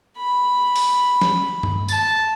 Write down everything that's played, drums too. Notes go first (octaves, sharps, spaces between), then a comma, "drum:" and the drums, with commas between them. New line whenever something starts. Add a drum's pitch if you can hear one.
B5
drum: open hi-hat
drum: snare
drum: tom G2
A5, drum: tambourine